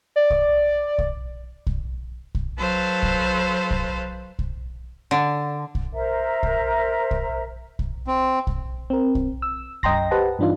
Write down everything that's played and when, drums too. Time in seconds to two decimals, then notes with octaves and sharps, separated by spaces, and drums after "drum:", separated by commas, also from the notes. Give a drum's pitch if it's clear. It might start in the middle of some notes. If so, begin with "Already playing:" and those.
0.16 D5
0.30 drum: kick B1
0.98 drum: kick B1
1.67 drum: kick B1
2.35 drum: kick B1
2.58 F#3 A4 B4 C5 F5
3.03 drum: kick B1
3.71 drum: kick B1
4.39 drum: kick B1
5.11 D3
5.75 drum: kick B1
5.93 A#4 C5 E5 A#5
6.43 drum: kick B1
7.11 drum: kick B1
7.79 drum: kick B1
8.07 C4
8.47 drum: kick B1
8.90 C4 A#4
9.15 drum: kick B1
9.42 E6
9.83 F#2 D#5 G5 A#5 C6 A#6, drum: kick B1
10.11 G4 B4 C5 D#5 F#5 A5
10.39 G2 E3 D4 D#4 F4